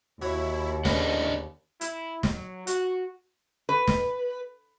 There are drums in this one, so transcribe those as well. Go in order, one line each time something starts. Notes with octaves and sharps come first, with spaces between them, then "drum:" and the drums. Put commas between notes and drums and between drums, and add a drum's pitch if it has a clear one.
D#2 E4 F#4 C#5
A2 C#3 D4 B4 D#5 F#5 C#7, drum: snare
E4, drum: hi-hat
F#3, drum: snare
F#4, drum: hi-hat
B4
drum: snare